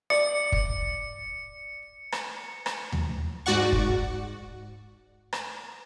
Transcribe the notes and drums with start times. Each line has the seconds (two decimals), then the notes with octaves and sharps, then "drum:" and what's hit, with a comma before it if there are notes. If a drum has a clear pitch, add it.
0.10 D5 C#7
0.52 drum: kick
2.12 drum: rim click
2.66 drum: rim click
2.92 drum: tom D#2
3.46 G#2 F#4 D5 F#5 C#6
3.72 drum: kick
5.33 drum: rim click